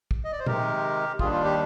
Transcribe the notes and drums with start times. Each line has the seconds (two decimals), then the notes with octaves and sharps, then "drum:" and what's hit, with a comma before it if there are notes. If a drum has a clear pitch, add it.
0.11 drum: kick
0.24 D#5
0.32 D5
0.39 C5
0.46 C3 D#3 G#3 G4 A#4, drum: tom A#2
1.19 D#2 D#3 G3 D4 F4 G#4, drum: kick
1.32 F4
1.44 G4